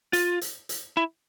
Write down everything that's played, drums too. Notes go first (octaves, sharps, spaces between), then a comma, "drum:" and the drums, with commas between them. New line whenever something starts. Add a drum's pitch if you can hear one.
F4, drum: hi-hat
drum: hi-hat
drum: hi-hat
E4